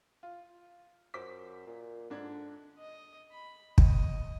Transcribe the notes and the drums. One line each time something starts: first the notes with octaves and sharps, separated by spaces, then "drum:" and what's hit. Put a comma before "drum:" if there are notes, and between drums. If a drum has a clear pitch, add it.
F4
F#2 C5 D6 B6
A#2
G#2 D3 D4 G#6
D#5
B5
D#5, drum: kick